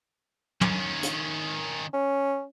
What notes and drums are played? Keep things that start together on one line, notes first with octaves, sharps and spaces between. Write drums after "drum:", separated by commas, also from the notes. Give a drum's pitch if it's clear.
D#3 C#4, drum: tom
drum: hi-hat
C#4